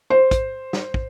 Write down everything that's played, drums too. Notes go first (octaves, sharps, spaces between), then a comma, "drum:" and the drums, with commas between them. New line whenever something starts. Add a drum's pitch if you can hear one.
C5
drum: kick, hi-hat
drum: snare
drum: kick